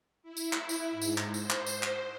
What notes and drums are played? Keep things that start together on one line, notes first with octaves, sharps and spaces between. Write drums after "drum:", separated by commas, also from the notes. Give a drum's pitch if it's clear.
E4
drum: tambourine
drum: clap
drum: tambourine
G#2
drum: tambourine
drum: clap
C5, drum: tambourine
drum: clap
drum: tambourine
drum: clap